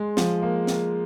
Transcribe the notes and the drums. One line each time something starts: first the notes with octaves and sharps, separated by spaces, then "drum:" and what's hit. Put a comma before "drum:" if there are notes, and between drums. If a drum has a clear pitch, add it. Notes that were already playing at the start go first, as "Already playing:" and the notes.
Already playing: G#3 C6
F3, drum: snare
A#3
A#3, drum: snare